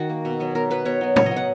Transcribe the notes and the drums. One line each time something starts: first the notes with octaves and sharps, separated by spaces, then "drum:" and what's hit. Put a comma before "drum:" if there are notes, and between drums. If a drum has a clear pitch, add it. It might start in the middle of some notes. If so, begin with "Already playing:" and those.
Already playing: D#3 F#4
A#3
B2
F#3 B3
B2 A#4
F#3 B3 B4
B2 C#5
F#3 B3
B2 C#5, drum: tom
D#5
F#3 B3
F#5